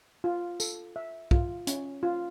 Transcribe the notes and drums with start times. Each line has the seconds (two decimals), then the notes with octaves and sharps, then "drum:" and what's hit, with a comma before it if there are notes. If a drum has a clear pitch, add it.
0.24 F4
0.60 A4, drum: tambourine
0.96 E5
1.31 F4, drum: kick
1.67 C#4, drum: hi-hat
2.03 F4